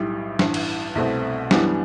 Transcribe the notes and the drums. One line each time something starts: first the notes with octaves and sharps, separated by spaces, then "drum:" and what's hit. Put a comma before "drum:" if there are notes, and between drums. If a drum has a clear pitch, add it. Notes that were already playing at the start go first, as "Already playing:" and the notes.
Already playing: B1 A2 G3
A1 G2 E3, drum: snare
drum: cymbal
C2 B2 A3 C4
F#2 E3 G3 B3 D4, drum: snare